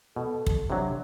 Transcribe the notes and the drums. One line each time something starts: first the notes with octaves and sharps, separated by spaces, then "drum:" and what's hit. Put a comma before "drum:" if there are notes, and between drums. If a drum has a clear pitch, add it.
B2 A4
drum: kick
C3 F#3 D4